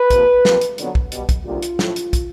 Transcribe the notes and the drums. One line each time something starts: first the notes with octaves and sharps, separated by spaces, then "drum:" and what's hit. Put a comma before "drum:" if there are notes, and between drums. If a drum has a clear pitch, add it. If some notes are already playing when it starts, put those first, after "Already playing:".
Already playing: B4
C3 F3 A#3, drum: kick, hi-hat
F2 C3 F3 A#3, drum: snare
drum: hi-hat
F2 D3 F#3 B3, drum: hi-hat
drum: kick
B2 G3 B3, drum: hi-hat
drum: kick, hi-hat
D2 C3 D#3 G3 A#3 F4
drum: hi-hat
A2 F3 A3, drum: snare
drum: hi-hat
drum: kick, hi-hat